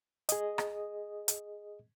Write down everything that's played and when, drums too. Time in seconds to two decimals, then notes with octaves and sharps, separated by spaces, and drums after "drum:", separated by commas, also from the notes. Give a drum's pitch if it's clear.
0.29 G#4 D#5, drum: hi-hat
0.58 drum: rim click
1.28 drum: hi-hat